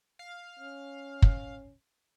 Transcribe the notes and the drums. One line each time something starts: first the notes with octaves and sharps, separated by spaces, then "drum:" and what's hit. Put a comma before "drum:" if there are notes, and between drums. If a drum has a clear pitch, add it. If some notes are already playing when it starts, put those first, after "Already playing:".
F5
C#4
drum: kick